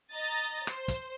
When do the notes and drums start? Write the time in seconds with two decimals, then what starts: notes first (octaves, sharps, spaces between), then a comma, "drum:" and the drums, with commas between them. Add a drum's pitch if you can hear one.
0.12 D#5 A#5 A6
0.67 C5, drum: rim click
0.88 drum: kick, hi-hat